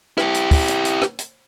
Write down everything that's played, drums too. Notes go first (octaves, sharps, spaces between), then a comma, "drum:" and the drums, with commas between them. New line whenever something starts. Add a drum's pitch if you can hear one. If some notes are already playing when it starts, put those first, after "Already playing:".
E4 G4, drum: rim click
drum: hi-hat
drum: kick, open hi-hat
drum: hi-hat
drum: hi-hat
drum: rim click
drum: hi-hat